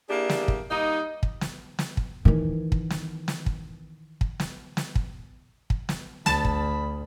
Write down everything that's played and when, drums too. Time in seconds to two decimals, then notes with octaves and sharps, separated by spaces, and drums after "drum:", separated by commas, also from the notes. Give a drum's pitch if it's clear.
0.09 A#3 D4 E4 G4 G#4
0.29 drum: snare
0.48 drum: kick
0.71 G3 A#3 D#4
1.23 drum: kick
1.41 drum: snare
1.79 drum: snare
1.97 drum: kick
2.25 D#3 E3
2.72 drum: kick
2.90 drum: snare
3.28 drum: snare
3.46 drum: kick
4.21 drum: kick
4.40 drum: snare
4.77 drum: snare
4.95 drum: kick
5.70 drum: kick
5.89 drum: snare
6.26 D2 A5 B5, drum: snare
6.45 drum: kick